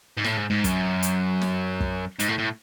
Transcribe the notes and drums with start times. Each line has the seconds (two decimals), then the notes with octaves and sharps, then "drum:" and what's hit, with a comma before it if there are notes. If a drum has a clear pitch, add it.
0.18 G#2
0.24 A2, drum: snare
0.37 G#2
0.50 G#2
0.64 F#2, drum: kick, hi-hat
1.02 drum: hi-hat
1.41 drum: snare
1.80 drum: kick
2.19 G#2, drum: hi-hat
2.29 A2
2.39 A2